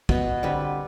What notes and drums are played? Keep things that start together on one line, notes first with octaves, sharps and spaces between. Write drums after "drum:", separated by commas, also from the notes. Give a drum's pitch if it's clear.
B2 B3, drum: kick
D3 G3 C4 B4